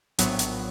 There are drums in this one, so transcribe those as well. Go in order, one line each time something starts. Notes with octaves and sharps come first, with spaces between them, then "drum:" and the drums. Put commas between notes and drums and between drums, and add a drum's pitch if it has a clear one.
A#1 A2 F#3 B3, drum: hi-hat
drum: hi-hat